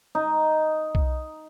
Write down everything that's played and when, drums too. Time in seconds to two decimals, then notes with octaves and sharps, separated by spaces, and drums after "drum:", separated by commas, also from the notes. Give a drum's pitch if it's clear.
0.15 D#4
0.95 drum: kick B1